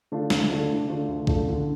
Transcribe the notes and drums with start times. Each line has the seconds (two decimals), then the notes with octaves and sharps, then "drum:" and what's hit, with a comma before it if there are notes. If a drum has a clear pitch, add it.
0.12 D3 A3 D4 F4
0.30 D2, drum: snare
0.50 D3 A3 D4 F4
0.69 D2
0.89 D3 A3 D4 F4
1.08 D2
1.27 D3 A3 D4 F4, drum: kick
1.47 D3